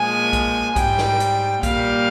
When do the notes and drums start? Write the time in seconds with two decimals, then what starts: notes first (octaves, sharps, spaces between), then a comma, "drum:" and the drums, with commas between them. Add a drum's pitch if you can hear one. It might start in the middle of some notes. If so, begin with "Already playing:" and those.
Already playing: A#2 F3 G#3 G#5
0.33 drum: kick B1, hi-hat
0.76 G#2 G3 G5, drum: kick B1, hi-hat
0.98 drum: snare
1.20 drum: hi-hat
1.63 A#2 G3 F5, drum: kick B1, hi-hat